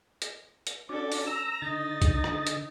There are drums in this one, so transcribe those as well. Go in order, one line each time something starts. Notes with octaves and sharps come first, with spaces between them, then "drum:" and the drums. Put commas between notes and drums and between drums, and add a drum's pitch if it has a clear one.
drum: hi-hat
drum: hi-hat
C#4 D4 F#4 A4 D5
drum: open hi-hat
A#5 E6
D3 D#4 D#5 A6
drum: kick C2, hi-hat
drum: rim click
drum: hi-hat